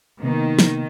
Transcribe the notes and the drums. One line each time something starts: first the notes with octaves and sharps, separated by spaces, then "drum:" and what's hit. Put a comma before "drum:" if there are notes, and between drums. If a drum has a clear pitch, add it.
C3 D#3 A#3 B3
drum: snare